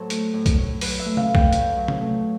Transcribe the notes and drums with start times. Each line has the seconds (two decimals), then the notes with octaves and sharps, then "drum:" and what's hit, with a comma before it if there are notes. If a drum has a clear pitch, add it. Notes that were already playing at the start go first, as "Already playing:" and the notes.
Already playing: A2 F#3 A4 C5
0.10 A3, drum: hi-hat
0.34 A2
0.46 drum: kick, hi-hat
0.58 A2
0.81 F#3 B4, drum: open hi-hat
0.99 E5
1.05 A3
1.17 F5, drum: tom C3
1.29 A2
1.35 G5, drum: kick
1.53 A2, drum: hi-hat
1.77 F#3
1.88 drum: tom C3
2.01 A3